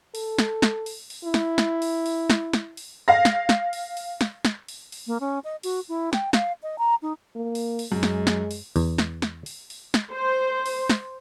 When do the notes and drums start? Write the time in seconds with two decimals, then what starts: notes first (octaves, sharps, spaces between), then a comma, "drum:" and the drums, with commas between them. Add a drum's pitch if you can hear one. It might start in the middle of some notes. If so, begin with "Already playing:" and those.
0.15 A4, drum: open hi-hat
0.38 drum: snare
0.62 drum: snare
0.86 drum: open hi-hat
1.10 drum: open hi-hat
1.24 E4
1.34 drum: snare
1.58 drum: snare
1.82 drum: open hi-hat
2.06 drum: open hi-hat
2.30 drum: snare
2.53 drum: snare
2.77 drum: open hi-hat
3.08 F5 A#6
3.25 drum: snare
3.49 drum: snare
3.73 drum: open hi-hat
3.97 drum: open hi-hat
4.21 drum: snare
4.45 drum: snare
4.68 drum: open hi-hat
4.92 drum: open hi-hat
5.07 A#3
5.20 C#4
5.44 D#5
5.63 F#4, drum: open hi-hat
5.89 E4
6.13 G5, drum: snare
6.33 F5, drum: snare
6.63 D#5
6.78 A#5
7.02 D#4
7.36 A#3
7.55 drum: open hi-hat
7.79 drum: open hi-hat
7.92 F#2 G#3
8.03 drum: snare
8.27 drum: snare
8.51 drum: open hi-hat
8.76 E2, drum: open hi-hat
8.98 drum: snare
9.22 drum: snare
9.46 drum: open hi-hat
9.70 drum: open hi-hat
9.94 drum: snare
10.14 C5
10.66 drum: open hi-hat
10.90 drum: snare